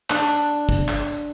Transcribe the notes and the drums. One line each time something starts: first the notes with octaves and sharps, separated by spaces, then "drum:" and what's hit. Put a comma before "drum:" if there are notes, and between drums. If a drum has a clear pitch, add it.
D4, drum: clap
drum: tambourine
drum: kick, tambourine
drum: clap
drum: tambourine